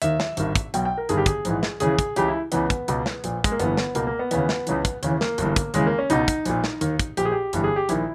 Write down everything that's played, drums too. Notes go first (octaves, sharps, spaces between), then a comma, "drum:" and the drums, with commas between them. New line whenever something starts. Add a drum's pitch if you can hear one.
D#2 D#3 E5, drum: hi-hat
drum: snare
G#1 G2 D#3, drum: hi-hat
drum: kick, hi-hat
B1 B2 G5, drum: hi-hat
G5
A#4
G1 G2 D#3 G#4, drum: hi-hat
G4
G#4, drum: kick, hi-hat
A#1 G#2 E3, drum: hi-hat
drum: snare
D#2 C#3 E3 G#4, drum: hi-hat
drum: kick, hi-hat
C#2 C#3 E3 G4, drum: hi-hat
E4
C#2 C#3 E3 B3, drum: hi-hat
drum: kick, hi-hat
C#2 B2, drum: hi-hat
drum: snare
A#1 A#2, drum: hi-hat
G#3, drum: kick, hi-hat
A#3
G1 G2 E3 B3, drum: hi-hat
drum: snare
C#2 B2 A#3, drum: hi-hat
A#3
B3
D#2 C#3 E3 B3, drum: hi-hat
drum: snare
C#2 C#3 E3, drum: hi-hat
drum: kick, hi-hat
D#2 C#3 E3, drum: hi-hat
A#3, drum: snare
G1 G2 E3, drum: hi-hat
drum: kick, hi-hat
D#2 C#3 E3 G#3, drum: hi-hat
A#3
C#4
C#2 B2 D#4, drum: hi-hat
drum: kick, hi-hat
A#1 A#2, drum: hi-hat
drum: snare
D#2 D#3, drum: hi-hat
drum: kick, hi-hat
A#1 A#2 G4, drum: hi-hat
G#4
G4
G1 G2 E3, drum: hi-hat
G#4
G4
A#1 D#3 E4, drum: hi-hat